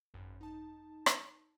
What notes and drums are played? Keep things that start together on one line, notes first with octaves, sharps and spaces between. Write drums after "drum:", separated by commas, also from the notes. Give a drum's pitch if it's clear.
G#1 F#2
D#4 A5
drum: rim click